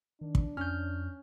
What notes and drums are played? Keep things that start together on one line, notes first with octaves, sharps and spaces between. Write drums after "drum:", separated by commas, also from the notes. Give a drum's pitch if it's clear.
D#3 D4
drum: kick
F2 C#4 F6 G6